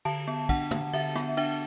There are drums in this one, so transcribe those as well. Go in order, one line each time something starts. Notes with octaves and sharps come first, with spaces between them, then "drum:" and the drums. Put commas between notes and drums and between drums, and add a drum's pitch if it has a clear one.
D3 A5, drum: cymbal
B3
D4 F#5, drum: kick, cymbal
D3, drum: tom
D3 E5, drum: cymbal
B3, drum: rim click
D4 E5, drum: cymbal